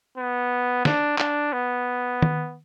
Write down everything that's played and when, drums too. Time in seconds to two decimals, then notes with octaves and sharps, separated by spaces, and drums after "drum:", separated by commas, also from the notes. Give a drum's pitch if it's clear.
0.18 B3
0.85 D4, drum: snare
1.18 D4, drum: clap
1.53 B3
2.22 drum: tom D#3